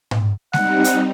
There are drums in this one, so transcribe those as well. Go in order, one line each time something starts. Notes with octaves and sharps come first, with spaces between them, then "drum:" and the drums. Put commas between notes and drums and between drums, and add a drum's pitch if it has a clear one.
drum: tom G#2
G3 C4 D#4 F#5, drum: snare G#3
drum: hi-hat